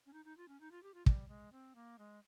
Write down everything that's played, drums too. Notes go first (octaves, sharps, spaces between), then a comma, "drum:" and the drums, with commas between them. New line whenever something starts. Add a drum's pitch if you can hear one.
C#4
D#4
D#4
F4
C#4
D#4
F4
G4
F4
G3, drum: kick
G#3
C4
A#3
G#3